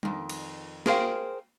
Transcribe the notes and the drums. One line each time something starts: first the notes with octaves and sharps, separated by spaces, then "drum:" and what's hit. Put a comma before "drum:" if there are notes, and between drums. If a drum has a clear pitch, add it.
F2 D#3, drum: tom
drum: cymbal
G#4 A#4 C5 C#5 F5 G5, drum: snare